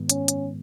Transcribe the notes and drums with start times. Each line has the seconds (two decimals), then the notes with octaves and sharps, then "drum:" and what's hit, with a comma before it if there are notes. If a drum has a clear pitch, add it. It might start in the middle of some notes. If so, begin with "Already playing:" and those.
Already playing: G#2 D#3 G#3 B3
0.09 C#4, drum: hi-hat
0.28 drum: hi-hat